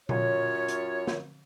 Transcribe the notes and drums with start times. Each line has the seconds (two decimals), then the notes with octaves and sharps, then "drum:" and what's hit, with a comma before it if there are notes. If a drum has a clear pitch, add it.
0.09 F#2 F4 C#5, drum: tom A#2
0.68 drum: hi-hat
1.07 drum: snare